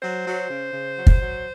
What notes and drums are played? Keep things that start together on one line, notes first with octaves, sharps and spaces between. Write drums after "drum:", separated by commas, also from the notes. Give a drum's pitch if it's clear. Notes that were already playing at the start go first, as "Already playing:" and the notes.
F#3 C5
F#3
C#3
C#3
F#3
drum: kick
F#3